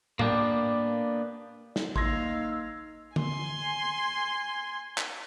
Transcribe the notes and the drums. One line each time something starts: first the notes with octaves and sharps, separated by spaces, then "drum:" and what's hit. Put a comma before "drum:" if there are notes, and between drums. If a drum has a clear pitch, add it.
A#3 B3 D4 G4, drum: tom A2
drum: snare
A#3 D#4 F5 C6 E6 G#6 A#6, drum: kick A1
G#5 C6, drum: tom D3
drum: clap